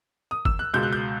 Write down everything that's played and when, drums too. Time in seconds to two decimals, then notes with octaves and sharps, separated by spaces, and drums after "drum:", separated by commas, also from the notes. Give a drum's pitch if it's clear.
0.31 D#6
0.45 E6, drum: kick
0.59 F#6
0.73 C#2 B2 G#3 G6
0.83 F#6
0.93 G6